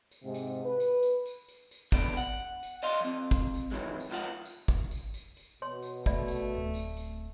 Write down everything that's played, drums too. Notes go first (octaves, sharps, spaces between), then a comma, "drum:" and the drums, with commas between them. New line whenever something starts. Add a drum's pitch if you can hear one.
drum: tambourine
G#2 C3
drum: tambourine
B4
drum: tambourine
drum: tambourine
drum: tambourine
drum: tambourine
drum: tambourine
D3 E3 B3 D5, drum: kick, tambourine
F#5, drum: tambourine
drum: tambourine
D5 D#5 F5 C6, drum: tambourine
F3 C4
drum: kick, tambourine
drum: tambourine
C3 D#3 E3 F#3 G#3
drum: tambourine
C#2 G#2 F3 F4 F5 F#5
drum: tambourine
drum: kick, tambourine
drum: tambourine
drum: tambourine
drum: tambourine
B2 C#5 C6
drum: tambourine
A3 D5 E5 B5, drum: kick, tambourine
drum: tambourine
D1
drum: tambourine
drum: tambourine